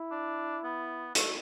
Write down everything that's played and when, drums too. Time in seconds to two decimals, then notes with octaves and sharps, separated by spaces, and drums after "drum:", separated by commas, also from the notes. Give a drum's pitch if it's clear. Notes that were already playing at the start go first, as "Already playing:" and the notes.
Already playing: E4
0.11 D4
0.64 B3
1.15 A3, drum: hi-hat